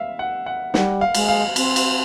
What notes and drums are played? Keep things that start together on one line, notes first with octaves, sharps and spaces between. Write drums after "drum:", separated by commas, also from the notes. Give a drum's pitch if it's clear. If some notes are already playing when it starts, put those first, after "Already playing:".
Already playing: E5 F5
F#5
F#5
G3 F#5, drum: snare
F5
G#3, drum: cymbal
F5
C4, drum: cymbal
drum: cymbal